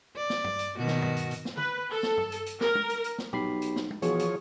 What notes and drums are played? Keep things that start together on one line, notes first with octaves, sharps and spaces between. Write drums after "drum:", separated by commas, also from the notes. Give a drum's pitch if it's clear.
D5
drum: snare
drum: tom
drum: hi-hat
B2 D#3 F#4
drum: snare
drum: tom
drum: hi-hat
drum: hi-hat
drum: snare
B4, drum: tom D3
A4
drum: snare
drum: tom
drum: hi-hat
drum: hi-hat
A#4, drum: snare
drum: tom
drum: hi-hat
drum: hi-hat
drum: snare
B1 G4 B5 C7, drum: tom
drum: hi-hat
drum: snare
drum: tom
B2 E3 F3 G#4 C#5, drum: hi-hat
drum: hi-hat